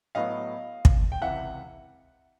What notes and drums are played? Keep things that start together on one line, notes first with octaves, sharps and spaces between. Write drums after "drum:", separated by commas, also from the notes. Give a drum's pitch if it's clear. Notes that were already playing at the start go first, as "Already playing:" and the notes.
A2 F#3 B3 D#5 F5
drum: kick
G5
C#2 C3 E3 E5 F#5